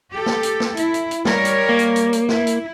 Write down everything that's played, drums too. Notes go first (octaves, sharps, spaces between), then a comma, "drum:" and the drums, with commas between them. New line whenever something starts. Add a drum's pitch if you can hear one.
G4 A4
drum: snare
drum: hi-hat
drum: snare
E4, drum: hi-hat
drum: hi-hat
drum: hi-hat
G3 A#4 C#5, drum: snare
drum: hi-hat
A#3
drum: hi-hat
drum: hi-hat
drum: hi-hat
E4, drum: snare
drum: hi-hat